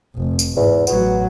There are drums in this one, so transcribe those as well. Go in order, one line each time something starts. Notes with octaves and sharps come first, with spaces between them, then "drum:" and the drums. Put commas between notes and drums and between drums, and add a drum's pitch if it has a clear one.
F1
drum: tambourine
E2 G#2
A1 F#3 B3, drum: tambourine